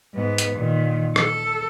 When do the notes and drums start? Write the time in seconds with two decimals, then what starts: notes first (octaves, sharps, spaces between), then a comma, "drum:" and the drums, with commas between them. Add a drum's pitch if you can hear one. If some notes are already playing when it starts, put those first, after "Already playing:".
0.14 G#2 B3
0.38 drum: hi-hat
0.56 A#2 D#3
1.16 A4, drum: rim click